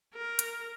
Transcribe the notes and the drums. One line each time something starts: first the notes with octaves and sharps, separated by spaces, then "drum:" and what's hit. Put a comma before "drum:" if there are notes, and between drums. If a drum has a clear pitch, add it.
A#4
drum: hi-hat